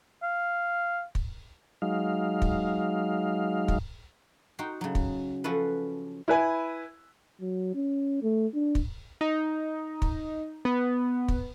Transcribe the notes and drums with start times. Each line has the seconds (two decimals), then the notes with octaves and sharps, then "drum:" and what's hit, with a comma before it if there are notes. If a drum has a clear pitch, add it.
0.22 F5
1.15 drum: kick
1.82 F#3 G#3 D#4 F5
2.42 drum: kick
3.68 drum: kick
4.59 D#4 F#4 G5 C6
4.81 C#3 F#3
4.95 drum: kick
5.44 F3 C#4 F4 F#4 A4 B4
6.28 E4 B4 G#5 B5
7.41 F#3
7.75 C#4
8.23 A3
8.54 D4
8.75 drum: kick
9.21 D#4
10.02 drum: kick
10.65 B3
11.28 drum: kick